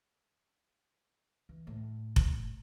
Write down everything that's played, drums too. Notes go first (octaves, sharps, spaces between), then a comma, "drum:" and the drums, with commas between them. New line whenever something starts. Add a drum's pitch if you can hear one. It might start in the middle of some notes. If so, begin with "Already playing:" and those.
E3
A2
drum: kick F1